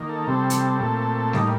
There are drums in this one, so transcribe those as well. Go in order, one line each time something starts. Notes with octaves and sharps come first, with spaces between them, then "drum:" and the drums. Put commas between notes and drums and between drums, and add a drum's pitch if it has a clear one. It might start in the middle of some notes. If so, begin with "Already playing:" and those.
Already playing: D#3 A#3
A4
C3 G3 C4
drum: hi-hat
A#2 A3 C4
A2 G3 A#3 D#4, drum: snare G3